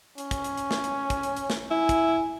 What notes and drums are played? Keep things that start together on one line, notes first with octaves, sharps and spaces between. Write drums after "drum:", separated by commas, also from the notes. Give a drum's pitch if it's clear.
C#4, drum: hi-hat
drum: kick, hi-hat
drum: hi-hat
drum: hi-hat
drum: snare
drum: hi-hat
drum: kick, hi-hat
drum: hi-hat
drum: hi-hat
drum: snare
E4 G#5
drum: kick, hi-hat